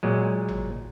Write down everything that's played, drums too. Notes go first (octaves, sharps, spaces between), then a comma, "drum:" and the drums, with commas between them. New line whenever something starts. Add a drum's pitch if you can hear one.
A#2 F#3 G#3
drum: tom G#1